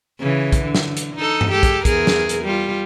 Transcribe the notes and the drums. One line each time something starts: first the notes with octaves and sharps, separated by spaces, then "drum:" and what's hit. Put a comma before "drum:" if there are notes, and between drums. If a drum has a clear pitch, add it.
C#3 E3
drum: kick, hi-hat
D3
drum: snare
drum: hi-hat
D#4 A4
drum: tom G2
G#3 G4 A4
drum: kick, hi-hat
E2 G#4 A#4, drum: kick, hi-hat
drum: snare
drum: hi-hat
G3 F4